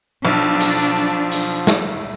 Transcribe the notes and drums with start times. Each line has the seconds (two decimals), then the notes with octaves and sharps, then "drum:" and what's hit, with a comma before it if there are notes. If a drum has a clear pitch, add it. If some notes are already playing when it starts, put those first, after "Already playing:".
0.25 B1 F3 D4
0.60 drum: hi-hat
1.32 drum: hi-hat
1.67 drum: snare